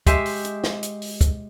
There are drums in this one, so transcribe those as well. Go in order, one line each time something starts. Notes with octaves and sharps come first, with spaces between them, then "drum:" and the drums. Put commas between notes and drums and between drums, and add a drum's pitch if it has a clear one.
G#3 G4 E5, drum: kick, hi-hat
drum: open hi-hat
drum: hi-hat
drum: snare
drum: hi-hat
drum: open hi-hat
drum: kick, hi-hat